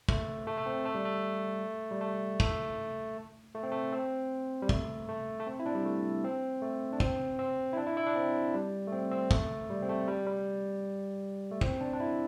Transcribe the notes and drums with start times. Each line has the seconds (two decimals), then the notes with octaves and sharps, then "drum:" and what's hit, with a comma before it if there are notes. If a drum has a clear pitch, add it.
0.09 A3, drum: kick
0.47 A3
0.58 A3
0.66 C4
0.85 A3
0.95 G3
1.05 A3
1.91 G3
2.01 A3
2.40 A3, drum: kick
3.55 A3
3.63 C4
3.72 A3
3.93 C4
4.62 G3
4.69 A3, drum: kick
5.09 A3
5.40 A3
5.47 C4
5.60 E4
5.66 D4
5.75 G3
5.85 A3
6.24 C4
6.62 A3
6.93 D4
7.00 C4, drum: kick
7.39 C4
7.73 E4
7.77 D4
7.87 E4
7.97 E4
8.06 D4
8.15 C4
8.54 G3
8.88 A3
8.92 C4
9.11 C4
9.31 A3, drum: kick
9.70 G3
9.83 C4
9.89 A3
10.08 G3
10.27 G3
11.51 A3
11.61 C4, drum: kick
11.81 D4
11.93 D4
12.00 E4